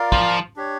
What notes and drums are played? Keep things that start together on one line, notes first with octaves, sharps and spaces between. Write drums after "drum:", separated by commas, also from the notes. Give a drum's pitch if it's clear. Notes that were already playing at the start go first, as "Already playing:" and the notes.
Already playing: F4 A#4 D5 F5
F3, drum: kick
D4 G4 C#5